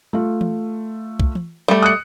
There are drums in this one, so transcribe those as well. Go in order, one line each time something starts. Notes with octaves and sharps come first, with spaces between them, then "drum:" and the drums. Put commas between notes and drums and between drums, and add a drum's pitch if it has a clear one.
A3 F4
drum: tom E3
drum: kick C2
drum: tom E3
G3 A3
D#6 F#6 C#7